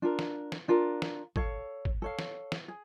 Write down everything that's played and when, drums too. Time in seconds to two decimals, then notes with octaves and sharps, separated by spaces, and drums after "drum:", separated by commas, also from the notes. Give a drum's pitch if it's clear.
0.02 D4 F4 A#4
0.19 drum: snare
0.52 drum: snare
0.68 D4 F4 A#4
1.02 drum: snare
1.36 A4 C#5 F5, drum: kick G#1
1.85 drum: kick G#1
2.02 A4 C#5 F5
2.19 drum: snare
2.52 drum: snare
2.68 G#4